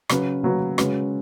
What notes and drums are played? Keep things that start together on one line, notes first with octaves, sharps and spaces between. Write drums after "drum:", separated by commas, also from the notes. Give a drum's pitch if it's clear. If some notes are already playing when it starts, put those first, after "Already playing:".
C#3 F#3 C#4 B4, drum: rim click
C#3 F#3 C#4 B4
C#3 G#3 C#4 F#4 B4, drum: rim click